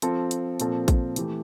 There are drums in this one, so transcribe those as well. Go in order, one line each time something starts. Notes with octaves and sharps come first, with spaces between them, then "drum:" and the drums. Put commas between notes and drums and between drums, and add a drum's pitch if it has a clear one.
F3 C4 F4 A4, drum: hi-hat
drum: hi-hat
A#2 F3 C4 F4 A4, drum: hi-hat
drum: kick, hi-hat
E3 A3 E4 G4, drum: hi-hat